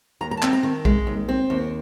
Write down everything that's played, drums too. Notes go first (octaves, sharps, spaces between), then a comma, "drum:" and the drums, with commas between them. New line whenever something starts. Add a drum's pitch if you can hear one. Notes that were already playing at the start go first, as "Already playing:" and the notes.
D#2 A#5
A#5
A5
C4, drum: clap
A#5
D#3
G#3, drum: kick A#1
D#2
C4
D#2